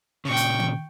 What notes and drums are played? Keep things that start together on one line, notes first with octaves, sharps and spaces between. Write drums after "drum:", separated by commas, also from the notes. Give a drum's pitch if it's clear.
A#2 C#3 G5 C#6
drum: hi-hat
drum: tom D#3